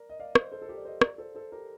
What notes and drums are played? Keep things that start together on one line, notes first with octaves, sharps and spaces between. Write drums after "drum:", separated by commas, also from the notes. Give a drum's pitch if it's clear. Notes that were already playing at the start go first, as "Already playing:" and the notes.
Already playing: A#4 D5
D#5
D5 F5
C5 D#5, drum: rim click
A4 C5
A4
G4 A#4
D5
C5 D#5
A#4 D5, drum: rim click
A4 C5
A4 C5
G4 A#4